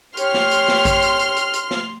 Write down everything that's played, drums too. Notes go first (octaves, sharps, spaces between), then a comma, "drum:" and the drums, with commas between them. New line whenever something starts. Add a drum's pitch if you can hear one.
G4 C#5 C6 F6, drum: hi-hat
drum: snare
drum: hi-hat
drum: snare
drum: kick A1, hi-hat
drum: hi-hat
drum: hi-hat
drum: hi-hat
drum: hi-hat
drum: snare